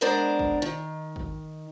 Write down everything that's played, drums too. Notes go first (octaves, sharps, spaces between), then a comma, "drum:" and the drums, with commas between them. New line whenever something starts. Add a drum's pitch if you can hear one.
G#3 B3 D4 A#4 C5 D5
drum: kick
D#3
drum: kick